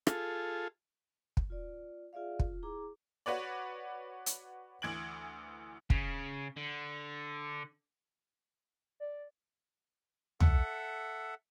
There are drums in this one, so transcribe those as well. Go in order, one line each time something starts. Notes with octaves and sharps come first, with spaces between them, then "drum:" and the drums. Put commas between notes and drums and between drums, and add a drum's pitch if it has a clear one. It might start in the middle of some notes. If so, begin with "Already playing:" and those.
F4 G#4 A4, drum: rim click
drum: kick
F4 D5
F4 G#4 D5 E5 F5
F4, drum: kick
E4 G#4 A#5 D6
F#4 B4 C#5 D5
drum: hi-hat
D2 E3 G#6 D7 F#7
C#3, drum: kick
D3
D5
A4 E5 F#5, drum: tom